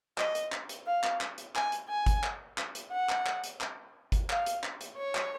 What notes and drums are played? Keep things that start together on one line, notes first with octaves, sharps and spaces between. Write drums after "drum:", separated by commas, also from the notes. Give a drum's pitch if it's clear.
D#5, drum: clap
drum: hi-hat
drum: clap
drum: hi-hat
F5
drum: clap
drum: clap
drum: hi-hat
G#5, drum: clap
drum: hi-hat
G#5
drum: kick G1, hi-hat
drum: clap
drum: clap
drum: hi-hat
F#5
drum: clap
drum: clap
drum: hi-hat
drum: clap
drum: kick G1, hi-hat
F5, drum: clap
drum: hi-hat
drum: clap
drum: hi-hat
C#5
drum: clap